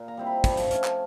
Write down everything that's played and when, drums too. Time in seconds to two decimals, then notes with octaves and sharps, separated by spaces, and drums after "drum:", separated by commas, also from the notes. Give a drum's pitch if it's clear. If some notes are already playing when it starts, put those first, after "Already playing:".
Already playing: A#2
0.08 A#5
0.17 G3 C4 E4
0.27 B5
0.44 F3, drum: kick, hi-hat
0.57 drum: hi-hat
0.71 A3 C#4, drum: hi-hat
0.84 drum: clap